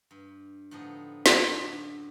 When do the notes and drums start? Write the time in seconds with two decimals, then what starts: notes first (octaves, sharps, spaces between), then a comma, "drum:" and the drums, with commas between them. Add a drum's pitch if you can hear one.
0.11 G2
0.71 A2 D3 F3 B3 D#4
1.26 drum: snare
1.48 F#2 D3 A5